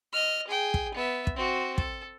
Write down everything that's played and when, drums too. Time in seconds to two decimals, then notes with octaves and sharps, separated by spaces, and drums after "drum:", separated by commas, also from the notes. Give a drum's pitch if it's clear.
0.13 D#5 F6
0.47 G#4 G5
0.74 drum: kick
0.94 B3 E5
1.27 drum: kick
1.36 C4 F#4
1.78 A4, drum: kick